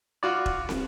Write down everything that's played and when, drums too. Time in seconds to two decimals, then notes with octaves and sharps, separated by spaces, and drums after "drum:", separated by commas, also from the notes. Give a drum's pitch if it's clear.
0.23 F4 F#4 D5
0.46 drum: kick E1
0.69 drum: snare